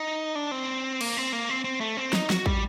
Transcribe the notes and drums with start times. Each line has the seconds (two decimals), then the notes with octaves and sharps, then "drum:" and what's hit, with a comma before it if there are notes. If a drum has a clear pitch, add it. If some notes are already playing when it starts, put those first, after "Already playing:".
Already playing: D#4
0.35 D4
0.51 C4
1.01 A#3, drum: cymbal
1.17 C4
1.33 A#3
1.49 C4
1.64 C4
1.81 A3
1.97 C4
2.13 D#4, drum: snare
2.30 F#4, drum: snare
2.46 G3, drum: kick